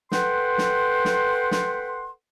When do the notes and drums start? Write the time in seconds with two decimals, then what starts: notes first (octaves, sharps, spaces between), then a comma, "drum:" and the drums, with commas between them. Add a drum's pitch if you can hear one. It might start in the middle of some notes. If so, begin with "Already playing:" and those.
0.12 A4 B4 F#5 G5 C6, drum: snare
0.58 drum: snare
1.05 drum: snare
1.51 drum: snare